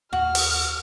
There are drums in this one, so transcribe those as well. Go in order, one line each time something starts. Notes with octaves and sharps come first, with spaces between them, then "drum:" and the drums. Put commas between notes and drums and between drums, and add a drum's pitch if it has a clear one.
D#2 F#4 F6
drum: open hi-hat